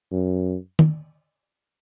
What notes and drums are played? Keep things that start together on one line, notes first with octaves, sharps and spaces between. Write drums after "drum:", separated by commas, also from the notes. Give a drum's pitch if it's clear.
F#2
drum: tom